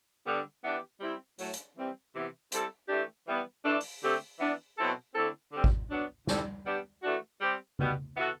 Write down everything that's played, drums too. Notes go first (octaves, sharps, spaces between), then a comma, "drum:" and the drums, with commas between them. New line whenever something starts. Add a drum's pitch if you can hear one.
D3 G3 B3 D4
E3 B3 D4 G4
G3 C4 E4
A2 F#3 A3, drum: open hi-hat
drum: hi-hat
E3 G3 C4 G4
C3 E3 B3
G3 C4 E4 A4, drum: hi-hat
E3 A3 D4 G4
E3 G3 B3
E3 A3 D4
drum: open hi-hat
D3 A3 C4 G4
E3 B3 D4
B2 F#3 C4 E4 A4
D3 A3 C4 E4 A4
D3 G3 C4
drum: kick G#1
F#3 B3 D4
D3 G3 C4 E4 A4, drum: snare
G3 B3 D4 G4
E3 A3 D4 F#4
G3 C4 G4
B2 G3 B3, drum: tom C#3
E3 B3 F#4 A4